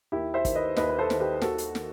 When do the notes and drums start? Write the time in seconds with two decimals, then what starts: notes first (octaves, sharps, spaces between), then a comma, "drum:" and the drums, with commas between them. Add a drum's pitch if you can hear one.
0.12 D#2 E4 G4
0.34 C5 E5
0.45 D#3, drum: kick, hi-hat
0.55 B4 D#5
0.77 D#2 B4 D#5, drum: snare
0.89 B4
0.99 A4 C5
1.10 D#3, drum: snare
1.20 G4 B4
1.42 D#2 F#4 A4, drum: snare
1.58 drum: hi-hat
1.75 D#3, drum: snare